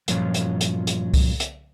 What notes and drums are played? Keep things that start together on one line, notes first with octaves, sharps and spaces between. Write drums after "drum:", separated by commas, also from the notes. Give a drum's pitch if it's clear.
G2 A#2 F3 F#3 C#4 F4, drum: hi-hat
drum: hi-hat
drum: hi-hat
drum: hi-hat
drum: kick C2, open hi-hat
drum: hi-hat